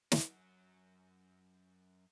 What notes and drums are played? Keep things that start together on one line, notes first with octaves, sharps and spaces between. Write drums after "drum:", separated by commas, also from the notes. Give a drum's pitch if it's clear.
F#2 F#3, drum: snare